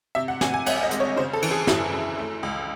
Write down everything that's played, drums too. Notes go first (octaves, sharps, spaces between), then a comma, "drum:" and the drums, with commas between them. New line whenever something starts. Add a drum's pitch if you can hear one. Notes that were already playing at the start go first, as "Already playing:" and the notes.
C3 E5
F#5
C3 G#5, drum: snare
G#5
C2 F#5, drum: cymbal
D#5
G#3, drum: hi-hat
C#5
C#3 C5
A4
E3, drum: cymbal
G#4
F#2 E4, drum: snare
F#2
A3
C#2